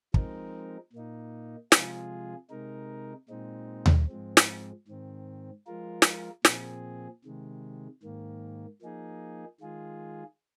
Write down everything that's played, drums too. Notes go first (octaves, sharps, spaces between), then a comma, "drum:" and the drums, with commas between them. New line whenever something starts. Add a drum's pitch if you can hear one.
F3 G#3 C4 D#4 A#4, drum: kick
A#2 A#3 D#4
C3 F3 G#3 F4 G#4, drum: snare
C3 G#3 D#4 A#4
A#2 G#3 C4 D#4
drum: tom D#2
G#2 F3 G#3 C4
drum: snare
G#2 D#3 C4
F3 G#3 F4 A#4
drum: snare
A#2 F3 C4 G#4, drum: snare
C3 D#3 G#3
G#2 D#3 A#3
F3 A#3 D#4 G#4
D#3 G#3 F4 G#4